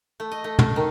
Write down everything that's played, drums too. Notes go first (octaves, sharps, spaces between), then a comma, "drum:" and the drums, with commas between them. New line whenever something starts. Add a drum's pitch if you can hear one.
A3
D#5
A3
A3, drum: tom
D#3